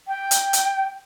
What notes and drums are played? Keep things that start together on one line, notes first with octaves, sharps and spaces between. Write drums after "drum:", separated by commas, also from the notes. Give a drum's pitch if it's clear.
G5
drum: hi-hat
drum: hi-hat